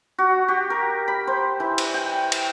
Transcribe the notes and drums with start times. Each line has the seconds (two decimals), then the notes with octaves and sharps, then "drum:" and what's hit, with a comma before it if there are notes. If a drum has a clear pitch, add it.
0.18 F#4
0.48 G4
0.70 A#4
1.08 B5
1.27 C5
1.60 E3
1.78 drum: cymbal
1.94 G5
2.32 drum: cymbal